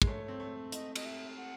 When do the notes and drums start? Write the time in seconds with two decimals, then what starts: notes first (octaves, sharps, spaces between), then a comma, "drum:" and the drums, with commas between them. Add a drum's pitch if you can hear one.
0.02 G#3, drum: kick
0.07 A3 C#5
0.28 C4
0.40 A3
0.72 D#5, drum: hi-hat
0.96 D#5, drum: cymbal
1.05 E5
1.37 F#5